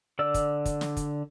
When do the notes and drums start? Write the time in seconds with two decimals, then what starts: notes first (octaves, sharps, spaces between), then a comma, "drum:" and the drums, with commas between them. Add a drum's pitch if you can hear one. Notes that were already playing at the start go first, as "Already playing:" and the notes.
0.19 D3 D5 E6
0.34 drum: kick, hi-hat
0.65 drum: kick, hi-hat
0.81 drum: snare
0.97 drum: kick, hi-hat